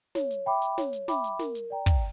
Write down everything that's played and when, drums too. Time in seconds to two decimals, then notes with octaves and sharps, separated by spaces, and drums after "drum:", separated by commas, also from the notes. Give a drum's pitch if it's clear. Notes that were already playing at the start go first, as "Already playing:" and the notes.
0.15 C#5, drum: snare
0.31 drum: hi-hat
0.46 E5 G5 B5 D6
0.62 drum: hi-hat
0.78 C#5, drum: snare
0.93 drum: hi-hat
1.08 E5 G5 B5 D6, drum: snare
1.24 drum: hi-hat
1.39 A#4, drum: snare
1.55 drum: hi-hat
1.70 D5 G5 A#5
1.86 drum: kick, hi-hat